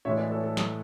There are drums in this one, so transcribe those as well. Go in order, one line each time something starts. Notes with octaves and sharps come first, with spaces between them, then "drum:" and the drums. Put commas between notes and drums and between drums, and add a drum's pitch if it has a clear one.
A2 E3 G#3 C#5 E5
B4 D5
A4 C#5
A4
drum: snare